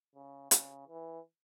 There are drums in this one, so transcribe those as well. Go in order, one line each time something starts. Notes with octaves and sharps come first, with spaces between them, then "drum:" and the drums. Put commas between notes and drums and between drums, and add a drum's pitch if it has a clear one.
C#3
C#3, drum: hi-hat
E3